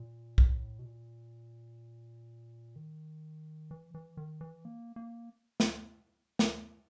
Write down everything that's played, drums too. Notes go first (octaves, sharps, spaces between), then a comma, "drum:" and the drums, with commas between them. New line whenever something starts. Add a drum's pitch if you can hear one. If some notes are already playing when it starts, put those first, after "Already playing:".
Already playing: A#2
A2, drum: kick B1
B2
A#2
D#3
E3
E3
D#3
E3
A#3
A#3
drum: snare
drum: snare